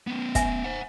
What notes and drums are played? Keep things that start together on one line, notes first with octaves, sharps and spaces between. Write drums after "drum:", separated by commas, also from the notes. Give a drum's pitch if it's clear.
B3 C#4
E5 G#5, drum: kick, hi-hat
C5 F#5